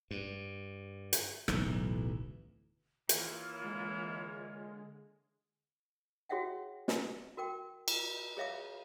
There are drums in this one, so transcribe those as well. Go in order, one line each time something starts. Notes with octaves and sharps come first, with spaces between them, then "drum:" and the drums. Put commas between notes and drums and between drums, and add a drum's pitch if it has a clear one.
G2
drum: hi-hat
D1 B1 E3, drum: rim click
E3 A#3 F4 A#4 C#5, drum: hi-hat
D3 G#3
F#4 G#4 C#5 E5 F#5 G5
drum: snare
F#4 A#4 G5 D6
drum: cymbal
G#4 C#5 E5 F5 D6